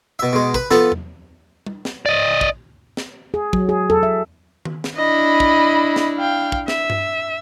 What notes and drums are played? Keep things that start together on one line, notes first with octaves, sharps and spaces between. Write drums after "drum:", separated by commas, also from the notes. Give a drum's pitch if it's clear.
B2 E5
B2 G#3
B4, drum: kick
F3 B3 A4, drum: snare
drum: tom E2
drum: tom G3
drum: snare
D5 D#5
drum: kick
drum: snare
G#4
F#3, drum: kick
G#4
A4, drum: tom E2
E5
drum: tom D#3
drum: snare
D4 E4 D#5 B5
drum: kick
drum: snare
F5 G5
drum: kick
E5, drum: snare
drum: tom G2